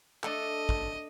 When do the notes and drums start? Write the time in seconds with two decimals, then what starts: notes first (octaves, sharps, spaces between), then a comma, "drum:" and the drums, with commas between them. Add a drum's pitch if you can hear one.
0.24 A3 D4 A4 D#5 A5, drum: clap
0.69 drum: kick